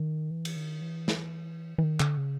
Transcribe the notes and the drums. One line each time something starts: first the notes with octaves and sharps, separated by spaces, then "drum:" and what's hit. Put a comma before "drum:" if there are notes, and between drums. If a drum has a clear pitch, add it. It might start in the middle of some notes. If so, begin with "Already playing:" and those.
Already playing: D#3
E3
drum: cymbal
D#3
E3
drum: snare
E3
D#3
D3, drum: clap
C#3